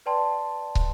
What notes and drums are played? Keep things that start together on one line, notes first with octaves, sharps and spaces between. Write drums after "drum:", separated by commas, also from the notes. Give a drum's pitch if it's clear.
B4 D5 G5 A5 C6
drum: kick